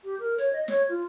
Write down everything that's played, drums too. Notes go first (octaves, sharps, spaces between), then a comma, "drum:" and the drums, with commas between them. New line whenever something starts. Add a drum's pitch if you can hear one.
G4
A#4
C#5, drum: hi-hat
D#5
C#5, drum: snare
F4